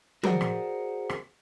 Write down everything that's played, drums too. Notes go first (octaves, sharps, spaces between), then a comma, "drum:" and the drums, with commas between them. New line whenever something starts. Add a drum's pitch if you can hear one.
F#4 G#4 A#4 C5 D5 F#5, drum: tom F3
drum: rim click
drum: rim click